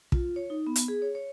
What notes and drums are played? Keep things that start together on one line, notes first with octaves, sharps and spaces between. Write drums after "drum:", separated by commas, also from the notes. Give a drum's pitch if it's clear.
F4, drum: kick
C#5
D#4
B3
drum: hi-hat
G#4
C#5
C#5